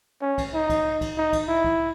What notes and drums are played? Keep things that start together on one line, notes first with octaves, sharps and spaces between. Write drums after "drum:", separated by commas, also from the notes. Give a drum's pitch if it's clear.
C#4
drum: kick C2, cymbal
D#4
drum: kick C2, cymbal
drum: kick C2, cymbal
D#4
drum: kick C2, cymbal
E4
drum: kick C2